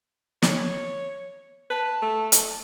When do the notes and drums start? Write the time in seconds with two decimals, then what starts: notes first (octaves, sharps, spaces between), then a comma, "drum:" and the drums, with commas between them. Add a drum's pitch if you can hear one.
0.42 C#5, drum: snare
1.70 B4 A5
2.02 A3
2.32 drum: hi-hat